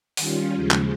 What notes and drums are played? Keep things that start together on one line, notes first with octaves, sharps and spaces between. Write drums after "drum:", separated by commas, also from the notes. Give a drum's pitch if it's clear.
D#3 G3 C#4 F4, drum: open hi-hat
D#2 C#3 F3 G#3
drum: clap